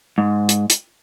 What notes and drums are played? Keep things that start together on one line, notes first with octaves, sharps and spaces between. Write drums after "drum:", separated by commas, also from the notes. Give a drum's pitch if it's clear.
G#2
drum: hi-hat
drum: hi-hat